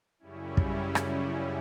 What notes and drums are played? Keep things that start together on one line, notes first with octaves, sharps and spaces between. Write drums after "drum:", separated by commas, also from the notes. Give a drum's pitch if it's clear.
F#2 C#3 G3 C#4 E4
drum: kick
drum: rim click